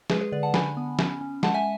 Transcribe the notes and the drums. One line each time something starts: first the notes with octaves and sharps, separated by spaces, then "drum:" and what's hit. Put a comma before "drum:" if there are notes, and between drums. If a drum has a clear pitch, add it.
G#3 G#4 B4, drum: snare
G#4 B4
D3 B4 D5
F#5 A5
D4 G#5 B5, drum: snare
B3
C#4, drum: snare
C#4
G#3 F#5 A5, drum: snare
E5 G#5